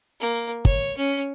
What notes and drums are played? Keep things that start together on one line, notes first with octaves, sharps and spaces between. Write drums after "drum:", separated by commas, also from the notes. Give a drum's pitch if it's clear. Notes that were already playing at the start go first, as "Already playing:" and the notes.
A#3
C#5, drum: kick
C#4